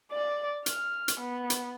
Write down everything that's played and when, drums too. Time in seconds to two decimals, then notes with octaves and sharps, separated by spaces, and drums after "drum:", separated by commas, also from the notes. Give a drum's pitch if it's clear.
0.12 D5
0.66 F6, drum: hi-hat
1.08 drum: hi-hat
1.20 B3
1.50 drum: hi-hat